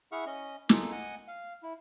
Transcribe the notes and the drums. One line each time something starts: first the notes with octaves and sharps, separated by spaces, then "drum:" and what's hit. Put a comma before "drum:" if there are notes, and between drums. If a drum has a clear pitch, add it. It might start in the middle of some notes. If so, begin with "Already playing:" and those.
E4 G#4 E5 F#5 C#6 F6
C#4 D#5
A#3 D#4 F4 G#4 A4, drum: snare
D#5 F#5 G#5
F5
E4